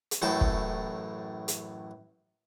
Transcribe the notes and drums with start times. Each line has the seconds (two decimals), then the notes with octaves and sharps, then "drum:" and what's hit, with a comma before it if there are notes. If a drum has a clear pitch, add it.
0.11 drum: hi-hat
0.22 A1 F#2 A2 A4 G5 A5
0.41 drum: kick
1.48 drum: hi-hat